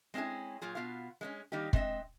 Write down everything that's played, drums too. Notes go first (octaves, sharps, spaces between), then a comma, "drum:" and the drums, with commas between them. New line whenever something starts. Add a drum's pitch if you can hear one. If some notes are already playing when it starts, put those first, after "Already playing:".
G#3 C4 C#4 E4 G#4
A#2 F#3 F4 G#4
B2 B3 F4 F5
G#3 A#3 C#4
D#3 G3 A#3 D#4 G4
G#3 C4 D#5 E5, drum: kick